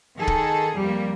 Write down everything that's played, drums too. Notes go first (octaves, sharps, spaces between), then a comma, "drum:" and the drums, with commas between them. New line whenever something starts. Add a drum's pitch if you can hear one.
D#3 G#4 A4
drum: kick
F2 G3 A#3